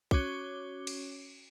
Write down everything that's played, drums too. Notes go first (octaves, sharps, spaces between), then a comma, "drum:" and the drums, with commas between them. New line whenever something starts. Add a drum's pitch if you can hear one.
C#4 F#4 C#5 D6 G7, drum: kick
drum: cymbal